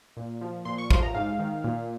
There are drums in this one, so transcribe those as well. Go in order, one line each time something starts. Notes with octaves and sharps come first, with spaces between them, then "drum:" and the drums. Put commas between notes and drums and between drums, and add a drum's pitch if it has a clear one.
A#2
F3
A#2 C6
C#6
F3 C6, drum: kick
A#5
G#2 F5
D#3
A#2